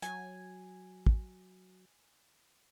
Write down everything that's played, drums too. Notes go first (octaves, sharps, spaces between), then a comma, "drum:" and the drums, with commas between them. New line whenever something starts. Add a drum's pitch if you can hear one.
F#3 G#5, drum: hi-hat
drum: kick